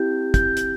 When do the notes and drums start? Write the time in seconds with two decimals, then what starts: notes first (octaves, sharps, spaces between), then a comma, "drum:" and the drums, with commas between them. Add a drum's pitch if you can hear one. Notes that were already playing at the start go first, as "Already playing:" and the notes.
Already playing: C4 E4 G4 G6
0.34 G6, drum: kick, hi-hat
0.57 drum: hi-hat